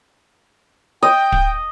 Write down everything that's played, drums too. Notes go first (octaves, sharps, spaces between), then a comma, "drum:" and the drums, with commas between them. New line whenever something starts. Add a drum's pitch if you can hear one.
D#5 G5
drum: kick